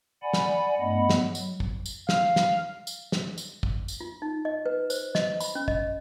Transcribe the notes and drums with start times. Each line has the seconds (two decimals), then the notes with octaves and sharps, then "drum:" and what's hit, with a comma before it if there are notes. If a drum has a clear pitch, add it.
0.23 D5 F#5 G#5 B5
0.33 drum: snare
0.80 G2 A3 B3 D#5 F#5 B5
1.10 drum: snare
1.21 F#3
1.35 drum: tambourine
1.60 drum: kick
1.86 drum: tambourine
2.09 F5, drum: snare
2.36 drum: snare
2.87 drum: tambourine
3.12 drum: snare
3.38 drum: tambourine
3.63 drum: kick
3.88 drum: tambourine
4.01 F4
4.22 D#4
4.45 D#5
4.66 B4
4.90 C5, drum: tambourine
5.15 D#5, drum: snare
5.40 B5, drum: tambourine
5.55 C#4
5.68 D#5, drum: kick